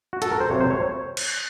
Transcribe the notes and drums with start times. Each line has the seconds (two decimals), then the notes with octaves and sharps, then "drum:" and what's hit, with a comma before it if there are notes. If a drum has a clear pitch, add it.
0.13 F#4
0.22 A4, drum: hi-hat
0.31 A#4
0.40 C5
0.50 F2 C3 F#3 C#5
0.60 C5
0.70 C#5
1.17 drum: cymbal